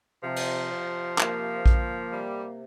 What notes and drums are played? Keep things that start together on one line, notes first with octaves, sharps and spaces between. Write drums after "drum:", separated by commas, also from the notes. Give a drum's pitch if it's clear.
C3 F3
drum: cymbal
C3
A#3, drum: clap
A#3, drum: kick A#1
C3 G3